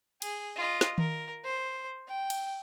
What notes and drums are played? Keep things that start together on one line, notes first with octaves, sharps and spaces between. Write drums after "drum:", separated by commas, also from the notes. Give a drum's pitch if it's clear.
G#4, drum: cymbal
F4 D#5
drum: snare
A#4, drum: tom D#3
C5
G5
drum: cymbal